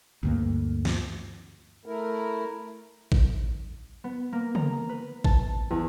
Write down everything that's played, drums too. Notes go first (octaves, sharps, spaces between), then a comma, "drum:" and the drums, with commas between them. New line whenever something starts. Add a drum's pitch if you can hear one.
D2 G2 A#3
drum: snare
A3 E4 A#4
drum: kick A1
B3
A#3
A#5, drum: tom C#3
B4
A5, drum: kick A1
E2